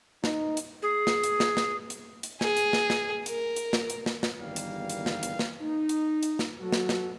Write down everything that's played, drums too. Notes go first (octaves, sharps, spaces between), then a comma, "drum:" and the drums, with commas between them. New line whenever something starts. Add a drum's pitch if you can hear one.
D#4, drum: snare
drum: hi-hat
G#4
drum: snare
drum: hi-hat
drum: snare
drum: snare
drum: hi-hat
drum: hi-hat
G#4, drum: snare
drum: hi-hat
drum: snare
drum: snare
A#4, drum: hi-hat
drum: hi-hat
drum: snare
drum: hi-hat
drum: snare
drum: snare
G1 E2 D#3 G3 A#3 F5
drum: hi-hat
drum: hi-hat
drum: snare
drum: hi-hat
drum: snare
D#4
drum: hi-hat
drum: hi-hat
drum: snare
F#3 F#4 A4
drum: snare
drum: snare